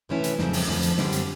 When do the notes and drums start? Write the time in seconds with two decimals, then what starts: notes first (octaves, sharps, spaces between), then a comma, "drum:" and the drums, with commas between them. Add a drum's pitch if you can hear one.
0.09 C3 E3 A3 C#4 E4
0.24 drum: hi-hat
0.39 F2 C#3 F#3 A3 C4, drum: snare
0.53 drum: open hi-hat
0.67 F2 D3 F3 A3
0.83 drum: hi-hat
0.98 F#2 D3 G3 C4, drum: snare
1.12 drum: hi-hat